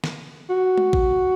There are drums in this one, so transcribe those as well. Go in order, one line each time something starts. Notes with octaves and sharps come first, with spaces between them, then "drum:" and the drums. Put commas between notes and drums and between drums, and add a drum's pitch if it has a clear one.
drum: snare
F#4
drum: tom G#3
drum: kick A1